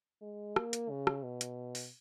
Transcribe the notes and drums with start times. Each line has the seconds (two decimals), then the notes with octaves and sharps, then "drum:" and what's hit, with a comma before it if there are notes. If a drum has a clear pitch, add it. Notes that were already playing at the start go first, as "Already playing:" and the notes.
0.22 G#3
0.56 A#3, drum: rim click
0.73 drum: hi-hat
0.90 C#3
1.07 drum: rim click
1.24 B2
1.41 drum: hi-hat
1.75 drum: open hi-hat